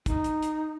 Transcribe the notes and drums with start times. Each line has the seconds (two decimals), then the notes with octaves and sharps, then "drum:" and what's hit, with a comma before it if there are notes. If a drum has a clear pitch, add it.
0.06 D#4, drum: kick, hi-hat
0.24 drum: hi-hat
0.42 drum: hi-hat